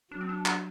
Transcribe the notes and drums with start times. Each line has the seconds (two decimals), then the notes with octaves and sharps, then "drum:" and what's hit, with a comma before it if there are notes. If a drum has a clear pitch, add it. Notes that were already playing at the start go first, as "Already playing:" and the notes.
0.11 F#3 D4
0.21 C4
0.29 D4
0.46 drum: clap